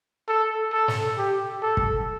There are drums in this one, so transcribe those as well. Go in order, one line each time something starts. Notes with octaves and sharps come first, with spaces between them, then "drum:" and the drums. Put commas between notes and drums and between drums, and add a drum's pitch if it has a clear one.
A4
A4
drum: snare
G4
A4
drum: kick